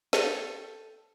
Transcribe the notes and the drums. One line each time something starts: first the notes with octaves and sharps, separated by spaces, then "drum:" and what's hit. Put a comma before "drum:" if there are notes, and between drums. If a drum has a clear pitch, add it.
A4 G5, drum: snare